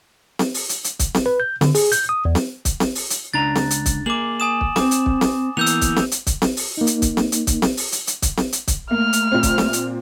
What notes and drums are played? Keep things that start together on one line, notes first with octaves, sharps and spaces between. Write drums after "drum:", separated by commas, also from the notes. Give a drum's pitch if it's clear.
drum: snare C4
drum: open hi-hat
drum: hi-hat
drum: hi-hat
drum: kick, hi-hat
drum: snare C4
B4
G6
D3, drum: snare C4
G#4, drum: open hi-hat
G6, drum: hi-hat
D#6
E2
drum: snare C4
drum: kick, hi-hat
drum: snare C4
drum: open hi-hat
drum: hi-hat
C#2 D4 A#5 A6
drum: snare C4
drum: hi-hat
drum: kick, hi-hat
A#3 G#4 D6 F#7
G#5 D#6 E7
drum: kick
C4 D6, drum: snare C4
drum: hi-hat
drum: kick
drum: snare C4
E3 A#3 B3 E6 G6 F7
drum: hi-hat
drum: kick, hi-hat
drum: snare C4
drum: hi-hat
drum: kick, hi-hat
drum: snare C4
drum: open hi-hat
A#3 D#4
drum: hi-hat
drum: kick, hi-hat
drum: snare C4
drum: hi-hat
drum: kick, hi-hat
drum: snare C4
drum: open hi-hat
drum: hi-hat
drum: hi-hat
drum: kick, hi-hat
drum: snare C4
drum: hi-hat
drum: kick, hi-hat
A3 A#3 F6
drum: hi-hat
A#2 C4
drum: kick, hi-hat
drum: snare C4
drum: hi-hat